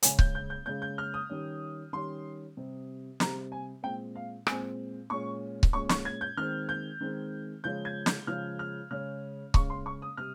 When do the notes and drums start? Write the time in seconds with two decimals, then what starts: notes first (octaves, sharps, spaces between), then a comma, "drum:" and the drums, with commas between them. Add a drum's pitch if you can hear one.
0.03 C#3 G#3 C#4 G#5, drum: hi-hat
0.19 G6, drum: kick C#1
0.35 G6
0.50 G6
0.66 C#3 G#3 C#4 G6
0.82 G6
0.98 F6
1.14 D#6
1.30 D#3 G3 C#4
1.93 D#3 G3 C#4 C6
2.57 C3 G3 C4
3.20 C3 G3 C4 A#5, drum: snare
3.52 G#5
3.83 A#2 G#3 C4 G5
4.15 F5
4.47 A#2 G#3 C4 G#5, drum: rim click
5.10 A#2 G#3 C#4 C#6
5.63 drum: kick C#1
5.73 A#2 G#3 C#4 C#6
5.89 C#6, drum: snare
6.05 G#6
6.21 G6
6.37 D#3 G#3 C4 F6
6.69 G6
7.01 D#3 G#3 C4
7.64 C#3 F3 G#3 C#4 G6
7.85 G#6
8.06 G6, drum: snare
8.27 C#3 F3 G#3 C#4 F6
8.59 F6
8.91 C#3 G#3 C#4 F6
9.54 C#3 G#3 C#4 C#6, drum: kick C#1
9.70 C6
9.86 C#6
10.02 D#6
10.17 C3 G3 F6